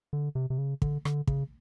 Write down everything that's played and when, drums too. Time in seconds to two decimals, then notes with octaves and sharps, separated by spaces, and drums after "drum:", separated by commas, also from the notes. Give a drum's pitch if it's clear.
0.13 D3
0.35 C3
0.50 C3
0.58 C#3
0.82 D3, drum: kick
1.05 D3, drum: rim click
1.27 C#3, drum: kick